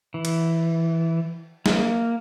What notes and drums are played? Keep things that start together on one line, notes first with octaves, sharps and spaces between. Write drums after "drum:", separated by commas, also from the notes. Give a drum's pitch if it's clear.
E3
drum: cymbal
A#3, drum: snare